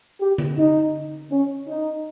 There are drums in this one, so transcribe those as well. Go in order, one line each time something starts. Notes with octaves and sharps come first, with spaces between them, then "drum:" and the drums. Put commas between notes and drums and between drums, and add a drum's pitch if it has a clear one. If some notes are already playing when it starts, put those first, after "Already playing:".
G4
drum: tom D3
D#4
C#4
D#4